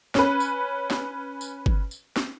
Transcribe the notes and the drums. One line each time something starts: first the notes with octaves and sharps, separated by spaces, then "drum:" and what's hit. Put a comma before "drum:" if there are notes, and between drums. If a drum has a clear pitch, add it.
C#4 B4, drum: snare
drum: tambourine
drum: snare
drum: tambourine
drum: kick G1
drum: tambourine
drum: snare